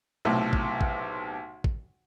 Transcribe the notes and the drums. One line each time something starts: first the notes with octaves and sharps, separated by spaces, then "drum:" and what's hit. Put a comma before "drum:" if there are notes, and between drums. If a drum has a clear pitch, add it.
B1 A2 C3
drum: kick
drum: kick
drum: kick